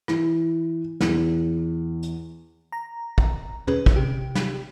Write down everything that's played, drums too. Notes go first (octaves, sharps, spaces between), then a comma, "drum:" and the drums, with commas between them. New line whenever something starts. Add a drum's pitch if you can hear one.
E3, drum: rim click
E2, drum: snare
drum: hi-hat
A#5
drum: kick
C#4 G#4 B4, drum: tom
drum: kick
C3 G4
drum: snare